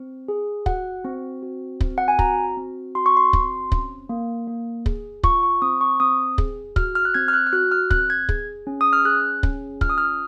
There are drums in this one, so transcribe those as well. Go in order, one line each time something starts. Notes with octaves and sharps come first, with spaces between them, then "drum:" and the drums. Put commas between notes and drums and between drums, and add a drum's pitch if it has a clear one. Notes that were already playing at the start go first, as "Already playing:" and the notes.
Already playing: C4
G#4
F#4 F#5, drum: kick
C4
F#4
C4, drum: kick
F#5
G#5
F#4 A#5, drum: kick
C4
F#4 C6
C#6
C6
C4, drum: kick
C#4, drum: kick
A#3
A#3
G#4, drum: kick
F4 C#6, drum: kick
C#6
C4 D#6
C#6
C4 D#6
G#4, drum: kick
F#4 F6, drum: kick
F6
F#6
C4 G#6
F6
F#6
F6
F#4 F#6
F6
C4 F#6, drum: kick
G#6
G#4, drum: kick
C#4
D#6
F6
G#4 F#6
C#4, drum: kick
F4 F6, drum: kick
D#6
F6